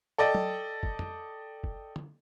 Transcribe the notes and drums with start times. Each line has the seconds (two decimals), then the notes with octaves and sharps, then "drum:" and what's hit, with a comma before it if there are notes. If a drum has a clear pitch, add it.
0.18 A4 D5 D#5 G5
0.35 drum: tom
0.83 drum: kick
0.99 drum: tom F2
1.64 drum: kick
1.96 drum: tom